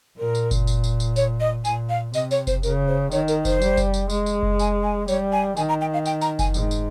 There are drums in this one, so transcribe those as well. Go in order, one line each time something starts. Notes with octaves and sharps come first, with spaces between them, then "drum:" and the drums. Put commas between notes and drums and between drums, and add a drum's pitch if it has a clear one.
A#2 A#4
drum: tambourine
drum: kick F#1, tambourine
drum: tambourine
drum: tambourine
drum: tambourine
C#5, drum: tambourine
D#5
A#2 G#5, drum: tambourine
F5
C3 D#5, drum: tambourine
C#5, drum: tambourine
C5, drum: kick F#1, tambourine
C#3 A#4, drum: tambourine
C5
D#3 C#5, drum: tambourine
A#4, drum: tambourine
C5, drum: kick F#1, tambourine
G3, drum: tambourine
drum: kick F#1, tambourine
drum: tambourine
G#3, drum: tambourine
drum: tambourine
drum: kick F#1
G#5, drum: tambourine
G#5
G3 C#5, drum: tambourine
G#5
D#3 G#5, drum: tambourine
A#5
G5
F5
G5, drum: tambourine
A#5, drum: tambourine
G#5, drum: kick F#1, tambourine
G#2, drum: tambourine
drum: tambourine